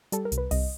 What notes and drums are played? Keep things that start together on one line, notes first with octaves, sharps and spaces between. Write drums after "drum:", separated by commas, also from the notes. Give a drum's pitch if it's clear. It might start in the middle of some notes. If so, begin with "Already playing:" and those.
G3 A4, drum: hi-hat
A#4
C2, drum: hi-hat
B4
C2 D#5, drum: open hi-hat